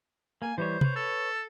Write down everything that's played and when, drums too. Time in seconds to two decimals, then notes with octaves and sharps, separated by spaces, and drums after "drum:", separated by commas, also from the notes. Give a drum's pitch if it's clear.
0.42 A#3 G#5
0.58 E3 G3 C5 C#5
0.81 B4 C#5, drum: tom C3
0.96 A4